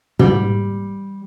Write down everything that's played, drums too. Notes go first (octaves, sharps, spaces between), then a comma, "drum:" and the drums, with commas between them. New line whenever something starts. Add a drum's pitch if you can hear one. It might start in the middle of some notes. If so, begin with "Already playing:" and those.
G3, drum: tom